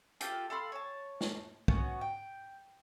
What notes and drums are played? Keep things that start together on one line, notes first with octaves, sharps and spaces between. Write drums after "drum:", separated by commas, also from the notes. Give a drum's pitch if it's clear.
F4 G4 A4, drum: hi-hat
A4 F5 B5 C6
C#5 A5
drum: snare
B3 C#4 F#4, drum: kick
G5